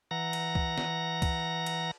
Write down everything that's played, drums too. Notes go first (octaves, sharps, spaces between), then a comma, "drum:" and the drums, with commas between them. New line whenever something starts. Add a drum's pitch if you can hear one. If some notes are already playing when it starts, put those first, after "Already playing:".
E3 F#5 A#5 A#6
drum: cymbal
drum: kick C2
drum: snare
drum: kick C2, cymbal
drum: cymbal